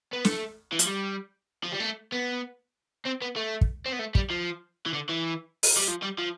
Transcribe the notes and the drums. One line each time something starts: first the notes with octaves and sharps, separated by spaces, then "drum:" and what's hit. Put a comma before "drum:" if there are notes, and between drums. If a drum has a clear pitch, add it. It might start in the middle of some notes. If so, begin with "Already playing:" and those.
B3
A3, drum: snare
E3
F3, drum: hi-hat
G3
F3
G3
A3
B3
C4
B3
A3
drum: kick
C4
B3
A3
G3, drum: kick
F3
E3
D3
E3
drum: open hi-hat
G3
F3
G3
F3